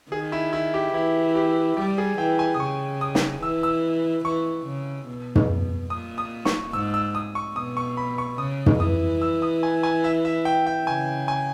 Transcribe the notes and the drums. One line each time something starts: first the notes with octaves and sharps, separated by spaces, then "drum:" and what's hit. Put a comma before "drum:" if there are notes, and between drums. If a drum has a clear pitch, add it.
D#3 G#4
E4
E4
G4
E3 E4
G4
G3 G4
G#4
E3 G5
G#5
D#6
C#3 C#6
D#6
drum: snare
E3 E6
E6
E3 C#6
C#3
B2
drum: tom
A#2 D#6
D#6
C#6, drum: snare
G#2 E6
E6
D#6
C#6
B2 D#6
C#6
B5
C#6
C#3 D#6
drum: tom
E3 D#6
E6
D#6
G#5
G#5
E5
E5
G5
G5
C#3 G#5
G#5